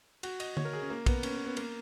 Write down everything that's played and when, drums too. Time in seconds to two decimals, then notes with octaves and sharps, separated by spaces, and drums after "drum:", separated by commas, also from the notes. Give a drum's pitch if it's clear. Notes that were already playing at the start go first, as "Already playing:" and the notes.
0.23 F#4, drum: cymbal
0.40 D#5, drum: cymbal
0.57 C#5, drum: tom D3
0.65 A#4
0.73 G#4
0.82 C#4
0.90 A#3
1.06 B3, drum: kick, cymbal
1.23 C#4, drum: cymbal
1.34 B3
1.45 B3
1.57 A#3, drum: cymbal